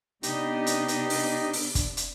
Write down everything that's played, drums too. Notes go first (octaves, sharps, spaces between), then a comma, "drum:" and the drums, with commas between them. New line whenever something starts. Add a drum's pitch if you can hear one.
C3 B3 D4 D#4 G4 D#5, drum: hi-hat
drum: hi-hat
drum: hi-hat
drum: open hi-hat
drum: open hi-hat
drum: kick, hi-hat
drum: hi-hat